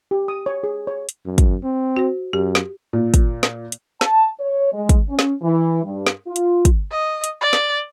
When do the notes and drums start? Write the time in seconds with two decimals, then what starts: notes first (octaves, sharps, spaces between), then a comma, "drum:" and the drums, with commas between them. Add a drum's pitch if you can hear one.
0.11 G4
0.28 D#6
0.46 C#5
0.64 G#4
0.87 C#5
1.09 drum: hi-hat
1.26 F#2
1.38 drum: kick, hi-hat
1.64 C4
1.97 F#4 C5
2.33 F#2 G4
2.55 drum: snare
2.93 A#2
3.14 drum: kick, hi-hat
3.43 drum: snare
3.72 drum: hi-hat
4.01 A5, drum: snare
4.40 C#5
4.73 G#3
4.89 drum: kick, hi-hat
5.08 C#4
5.19 drum: snare
5.41 E3
5.84 G2
6.07 drum: snare
6.26 F4
6.36 drum: hi-hat
6.65 drum: kick, hi-hat
6.91 D#5
7.24 drum: hi-hat
7.41 D5
7.53 drum: snare